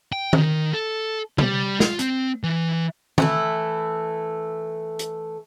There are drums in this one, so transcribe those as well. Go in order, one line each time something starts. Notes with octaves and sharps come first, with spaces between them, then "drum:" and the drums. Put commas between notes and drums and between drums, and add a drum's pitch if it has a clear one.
G5
D#3, drum: tom
A4
G3, drum: tom
F4, drum: snare
C4, drum: hi-hat
E3
E3 A3 E4, drum: tom
drum: hi-hat